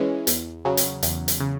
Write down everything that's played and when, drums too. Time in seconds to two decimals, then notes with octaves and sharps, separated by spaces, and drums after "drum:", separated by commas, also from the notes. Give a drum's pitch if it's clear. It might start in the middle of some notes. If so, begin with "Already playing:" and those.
Already playing: E3 G#3 C#4
0.27 E2, drum: hi-hat
0.65 C#3 F#3
0.77 drum: hi-hat
1.03 E2, drum: hi-hat
1.28 drum: hi-hat
1.40 C#3